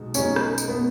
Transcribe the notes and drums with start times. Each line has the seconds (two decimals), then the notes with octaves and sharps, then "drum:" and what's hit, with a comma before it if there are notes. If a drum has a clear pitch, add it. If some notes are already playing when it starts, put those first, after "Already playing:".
Already playing: B1 B2 G#3 D#4 F#4
0.14 B1 B2 G#3 C#4 D#4 F#4, drum: tambourine
0.36 drum: rim click
0.58 drum: tambourine
0.68 B3